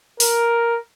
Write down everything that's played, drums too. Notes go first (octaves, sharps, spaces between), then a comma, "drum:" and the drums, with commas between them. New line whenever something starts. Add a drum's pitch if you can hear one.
A#4, drum: open hi-hat